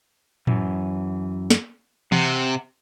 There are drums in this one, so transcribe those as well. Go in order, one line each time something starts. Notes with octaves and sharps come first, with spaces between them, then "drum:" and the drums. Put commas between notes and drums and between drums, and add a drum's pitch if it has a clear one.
F#2 E3, drum: tom A2
drum: snare
C3 F#5, drum: tom E3